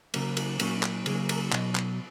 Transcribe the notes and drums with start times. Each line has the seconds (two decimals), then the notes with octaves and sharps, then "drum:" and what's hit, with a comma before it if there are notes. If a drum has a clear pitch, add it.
0.14 C#3 F#3 A#3, drum: cymbal
0.37 drum: cymbal
0.60 A#2 F#3 A#3 C#4, drum: cymbal
0.83 drum: clap
1.06 C#3 F#3 A#3 G#4, drum: cymbal
1.29 A#4, drum: cymbal
1.52 B2 F#3 D#5, drum: clap
1.75 drum: clap